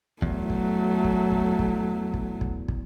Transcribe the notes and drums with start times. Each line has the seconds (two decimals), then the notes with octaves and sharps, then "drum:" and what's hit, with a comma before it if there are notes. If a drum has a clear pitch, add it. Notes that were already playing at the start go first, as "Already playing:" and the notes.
0.22 E2 F#3 A3, drum: kick
0.50 drum: kick
1.04 drum: kick
1.32 drum: kick
1.59 drum: kick
2.14 drum: kick
2.41 drum: kick
2.68 drum: kick